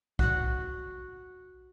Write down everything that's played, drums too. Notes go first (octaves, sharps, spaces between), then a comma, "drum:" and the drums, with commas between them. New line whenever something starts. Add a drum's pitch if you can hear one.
F#4 F#5, drum: kick B1